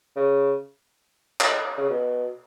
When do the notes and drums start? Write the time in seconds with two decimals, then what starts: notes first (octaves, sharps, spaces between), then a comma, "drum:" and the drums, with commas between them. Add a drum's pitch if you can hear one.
0.16 C#3
1.41 drum: clap
1.78 C#3
1.90 B2